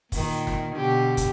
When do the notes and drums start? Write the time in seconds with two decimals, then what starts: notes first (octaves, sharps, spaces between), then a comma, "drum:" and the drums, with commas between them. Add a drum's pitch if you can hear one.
0.12 A#2 D#3, drum: kick, open hi-hat
0.47 drum: snare
0.75 B2 D3 G4
1.17 drum: kick, hi-hat